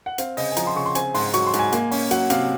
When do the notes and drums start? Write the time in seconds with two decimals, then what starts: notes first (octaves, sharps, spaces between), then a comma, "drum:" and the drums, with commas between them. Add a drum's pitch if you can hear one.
0.06 F#5
0.18 C4 F5, drum: hi-hat
0.37 C#3 D#5, drum: open hi-hat
0.51 G#5
0.57 F3 A#5, drum: hi-hat
0.67 C6
0.76 C#3 C#6
0.86 C6
0.95 C4 G#5, drum: hi-hat
1.14 G#2 C6, drum: open hi-hat
1.34 F#3 C#6, drum: hi-hat
1.47 C6
1.54 G#2, drum: hi-hat
1.59 G#5
1.72 A#3, drum: hi-hat
1.91 C#4, drum: open hi-hat
2.11 F#3 F#5, drum: hi-hat
2.30 C3 F5, drum: hi-hat